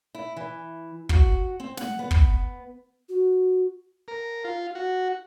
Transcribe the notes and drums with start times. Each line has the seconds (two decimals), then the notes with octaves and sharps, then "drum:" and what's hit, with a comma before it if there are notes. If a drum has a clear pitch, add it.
0.15 E4
0.37 E3
1.09 F#4, drum: kick
1.60 C4
1.77 F#5, drum: snare
1.99 B3
2.11 drum: kick
3.09 F#4
4.08 A#4
4.44 F4
4.75 F#4